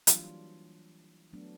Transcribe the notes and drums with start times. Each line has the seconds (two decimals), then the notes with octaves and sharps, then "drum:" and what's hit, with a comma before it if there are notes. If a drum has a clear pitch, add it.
0.07 E3 F#3 G3 A#3 D4 F4, drum: hi-hat
1.33 F#3 A3 B3 D4